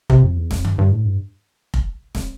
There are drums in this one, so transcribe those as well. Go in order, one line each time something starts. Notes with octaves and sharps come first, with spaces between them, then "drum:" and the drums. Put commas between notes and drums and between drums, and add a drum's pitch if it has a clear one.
C3, drum: kick F1
F2
E2
F2, drum: snare
G2, drum: tom D3
G2
A2
G2
drum: kick F1
drum: snare